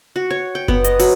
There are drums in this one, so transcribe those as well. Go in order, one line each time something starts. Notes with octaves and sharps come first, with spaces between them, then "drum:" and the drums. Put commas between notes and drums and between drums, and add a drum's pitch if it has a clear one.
F#4
C#5
G5
B3, drum: kick F#1
D#5, drum: hi-hat
F#3, drum: open hi-hat